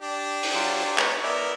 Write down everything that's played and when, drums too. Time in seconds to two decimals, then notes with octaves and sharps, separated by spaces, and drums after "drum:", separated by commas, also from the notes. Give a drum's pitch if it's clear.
0.01 D4 G4
0.43 drum: open hi-hat
0.54 F#3 F4
0.98 G#3 B3 D#4 C#5 B5, drum: clap
1.23 B3 E4 A#4 D5 E5 A#5